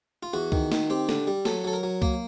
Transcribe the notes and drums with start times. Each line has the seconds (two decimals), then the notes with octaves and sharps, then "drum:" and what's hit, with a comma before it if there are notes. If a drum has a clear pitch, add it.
0.23 F4
0.33 E2 F#4
0.52 D#3, drum: kick C#2
0.72 D#3, drum: snare
0.90 C4 G4
1.09 D3, drum: snare
1.27 G3
1.45 F#3 A4, drum: snare
1.64 F#3 A4
1.73 A#4
1.83 F#3
2.02 A#3, drum: kick C#2